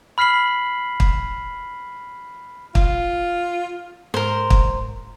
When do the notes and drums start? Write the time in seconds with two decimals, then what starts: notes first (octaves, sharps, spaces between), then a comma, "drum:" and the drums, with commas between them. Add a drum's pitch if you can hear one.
0.18 B5 F6 B6 C7 F#7
1.00 drum: kick
2.75 F4, drum: kick
4.14 G#2 A#4 C5
4.50 drum: kick